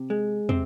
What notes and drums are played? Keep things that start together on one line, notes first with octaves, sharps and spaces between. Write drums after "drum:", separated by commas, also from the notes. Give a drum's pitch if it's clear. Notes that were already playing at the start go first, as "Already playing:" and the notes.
Already playing: C3
G#3
C3 C4, drum: tom